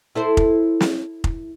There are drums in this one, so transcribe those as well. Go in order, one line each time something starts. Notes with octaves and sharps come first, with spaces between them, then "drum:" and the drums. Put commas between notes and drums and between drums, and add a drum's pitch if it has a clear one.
E4 A4 C5
drum: kick F1
drum: snare
drum: kick F1